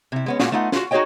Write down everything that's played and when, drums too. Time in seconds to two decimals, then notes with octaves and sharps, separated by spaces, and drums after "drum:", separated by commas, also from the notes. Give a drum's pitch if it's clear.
0.12 C3 E4
0.26 G#3 B3 C#4
0.40 A#2 G#3 A#3 F4 F#4, drum: snare
0.52 A3 B3 D#4 F4 F#5
0.72 F4 F#4, drum: snare
0.91 D#4 F#4 G#4 C#5 D#5 G5